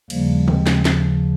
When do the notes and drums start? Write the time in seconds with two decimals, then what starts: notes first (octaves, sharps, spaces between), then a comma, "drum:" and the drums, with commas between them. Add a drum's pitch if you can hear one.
0.10 D#2 C#3 F3 G3 A#3, drum: cymbal
0.48 G#3 C4, drum: tom
0.67 drum: snare
0.85 drum: snare